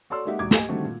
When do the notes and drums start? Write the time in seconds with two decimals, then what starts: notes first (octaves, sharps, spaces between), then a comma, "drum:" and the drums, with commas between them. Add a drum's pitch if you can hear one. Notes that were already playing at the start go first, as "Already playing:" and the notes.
0.10 F#4 A4 C#5 D5 C6 E6
0.25 G#3 A#3 D#4 G4 E5 F#5
0.39 E1 F#4 D6 G#6
0.51 G4 D#5 G#5, drum: snare
0.68 D3 D#3 G3 A3 C4 F#4
0.85 A#2